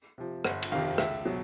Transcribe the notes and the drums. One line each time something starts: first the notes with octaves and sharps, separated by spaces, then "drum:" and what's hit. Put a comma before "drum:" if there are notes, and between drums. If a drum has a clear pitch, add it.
C3 F3
G1 F#5, drum: rim click
drum: cymbal
F2 C3 D#3 F5
C#2 E5, drum: rim click
B2 F#3